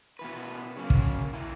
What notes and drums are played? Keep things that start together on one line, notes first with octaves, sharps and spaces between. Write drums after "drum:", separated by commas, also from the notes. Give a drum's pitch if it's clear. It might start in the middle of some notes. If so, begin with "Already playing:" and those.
B2 A#3 E4 B4
C#3 F#3 A#3
drum: kick
E3 A#3 E4